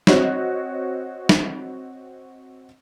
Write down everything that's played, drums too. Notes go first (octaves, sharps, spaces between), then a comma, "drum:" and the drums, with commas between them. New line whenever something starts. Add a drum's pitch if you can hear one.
C4 F#4 C#5 D#5, drum: snare
drum: snare